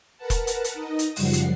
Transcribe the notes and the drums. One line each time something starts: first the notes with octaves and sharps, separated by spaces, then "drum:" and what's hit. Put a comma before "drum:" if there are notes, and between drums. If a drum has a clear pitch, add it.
A#4 B4 F#5 A5
drum: kick E1, hi-hat
drum: hi-hat
drum: hi-hat
D#4 D#5
drum: hi-hat
F#2 C#3 F3 G3 F#5 C7, drum: open hi-hat
drum: hi-hat